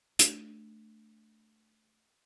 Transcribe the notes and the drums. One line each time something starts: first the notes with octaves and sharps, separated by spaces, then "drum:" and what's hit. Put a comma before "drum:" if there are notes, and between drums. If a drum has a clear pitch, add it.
A3 D4, drum: hi-hat